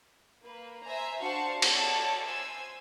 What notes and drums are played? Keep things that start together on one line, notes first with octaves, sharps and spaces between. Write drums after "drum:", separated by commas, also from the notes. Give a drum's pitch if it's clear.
A#3 B4
C5 E5 G#5 A#5
D4 F#4 C5 F5 A5 C#6
F#4 A4 C#5 D5 A5, drum: cymbal
C5 G#5 E6